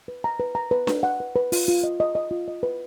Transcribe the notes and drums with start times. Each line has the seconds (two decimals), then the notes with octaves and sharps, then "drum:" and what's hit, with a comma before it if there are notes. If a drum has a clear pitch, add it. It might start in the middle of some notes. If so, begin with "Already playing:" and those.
0.08 B4
0.24 A#5
0.40 B4
0.55 A#5
0.71 B4
0.87 B4, drum: snare D4
1.03 F#5
1.20 B4
1.36 B4
1.52 F4, drum: open hi-hat
1.68 F4
1.84 D#5
2.00 D#5
2.15 D#5
2.31 F4
2.48 D#5
2.63 B4